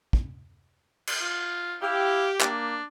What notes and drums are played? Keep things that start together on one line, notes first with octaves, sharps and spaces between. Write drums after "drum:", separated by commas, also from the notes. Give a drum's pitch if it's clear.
drum: kick
drum: cymbal
F4
E4 G4 F5
A#3 D4, drum: clap